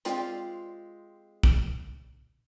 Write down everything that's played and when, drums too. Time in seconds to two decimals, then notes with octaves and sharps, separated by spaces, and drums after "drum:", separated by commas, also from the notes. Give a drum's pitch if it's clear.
0.05 G#3 C4 F4 G4 D5, drum: hi-hat
1.43 drum: kick